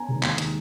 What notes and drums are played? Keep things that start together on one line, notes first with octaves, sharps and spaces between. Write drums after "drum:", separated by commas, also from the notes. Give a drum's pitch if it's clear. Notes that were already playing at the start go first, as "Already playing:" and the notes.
Already playing: G#5 A#5
C3 D#3 G#3
D#2, drum: clap
D#3 G#3, drum: hi-hat